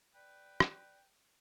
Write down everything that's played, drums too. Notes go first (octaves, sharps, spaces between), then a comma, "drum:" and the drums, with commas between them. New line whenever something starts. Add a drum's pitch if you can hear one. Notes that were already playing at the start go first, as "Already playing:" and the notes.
B4 D5 G5
drum: rim click